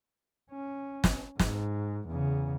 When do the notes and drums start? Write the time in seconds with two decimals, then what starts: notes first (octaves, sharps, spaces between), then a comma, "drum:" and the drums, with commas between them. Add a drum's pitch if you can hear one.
0.52 C#4
1.04 drum: snare
1.39 G#2, drum: snare
2.08 E2 C#3